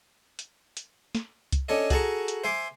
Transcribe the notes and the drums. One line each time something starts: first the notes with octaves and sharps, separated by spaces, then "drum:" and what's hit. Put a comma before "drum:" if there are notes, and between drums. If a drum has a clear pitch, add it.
drum: hi-hat
drum: hi-hat
drum: snare
drum: kick C2, hi-hat
C#4 D4 A4 C#5 D#5
F#4 G#4 A4 A5 A#5 C#6, drum: kick C2, hi-hat
drum: hi-hat
C5 E5 G#5 C6 D6